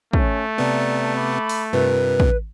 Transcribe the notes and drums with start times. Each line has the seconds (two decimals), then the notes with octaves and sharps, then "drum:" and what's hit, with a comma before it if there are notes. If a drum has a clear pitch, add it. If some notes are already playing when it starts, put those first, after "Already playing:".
0.13 A3 C#4, drum: kick
0.58 C3 B3 D5 A5 A#5
1.16 B5 D6
1.49 drum: open hi-hat
1.73 G2 C3 F4 A#4 B4
2.20 drum: kick